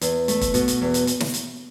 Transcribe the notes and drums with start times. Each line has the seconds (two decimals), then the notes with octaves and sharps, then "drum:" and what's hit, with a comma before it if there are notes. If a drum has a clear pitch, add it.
0.01 E2, drum: hi-hat
0.28 A3, drum: hi-hat
0.41 drum: kick, hi-hat
0.54 B2, drum: hi-hat
0.68 drum: hi-hat
0.81 E2
0.94 drum: hi-hat
1.07 drum: hi-hat
1.20 drum: snare
1.34 drum: hi-hat